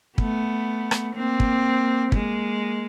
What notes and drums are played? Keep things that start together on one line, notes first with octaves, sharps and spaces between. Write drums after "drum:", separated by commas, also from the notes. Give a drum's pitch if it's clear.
A3 B3, drum: kick
drum: rim click
A#3 C4
drum: kick
G#3 A#3, drum: kick